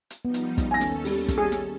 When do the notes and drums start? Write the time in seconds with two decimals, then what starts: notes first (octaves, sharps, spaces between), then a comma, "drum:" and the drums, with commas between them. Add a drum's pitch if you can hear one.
0.10 drum: hi-hat
0.25 F3 G3 B3 D#4
0.34 drum: hi-hat
0.58 drum: kick, hi-hat
0.71 D#2 C#4 A4 G#5 A#6
0.81 drum: snare
1.05 G3, drum: open hi-hat
1.28 drum: kick, hi-hat
1.38 G3 G#4
1.52 drum: snare